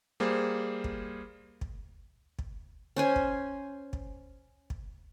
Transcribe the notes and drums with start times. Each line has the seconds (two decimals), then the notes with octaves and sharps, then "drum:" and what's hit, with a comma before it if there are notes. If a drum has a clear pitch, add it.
0.20 G3 A#3 G#4 C5
0.84 drum: kick
1.61 drum: kick
2.39 drum: kick
2.96 C#4 C5 G#5
3.16 drum: kick
3.93 drum: kick
4.70 drum: kick